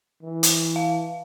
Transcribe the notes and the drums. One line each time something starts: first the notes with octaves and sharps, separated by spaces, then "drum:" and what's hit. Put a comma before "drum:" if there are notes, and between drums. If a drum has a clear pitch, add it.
E3
drum: hi-hat
F5